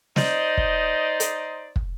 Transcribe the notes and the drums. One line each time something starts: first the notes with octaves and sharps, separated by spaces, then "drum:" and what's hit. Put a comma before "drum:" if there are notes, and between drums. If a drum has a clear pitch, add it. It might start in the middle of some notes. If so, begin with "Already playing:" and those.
D#4 C5 D5 D#5, drum: snare
drum: kick
drum: hi-hat
drum: kick